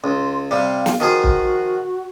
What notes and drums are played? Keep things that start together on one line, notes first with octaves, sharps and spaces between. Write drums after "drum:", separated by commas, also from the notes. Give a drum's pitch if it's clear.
C#2 C6
C3 G3 F5
drum: snare
D#3 F3 F#4 G#4
drum: kick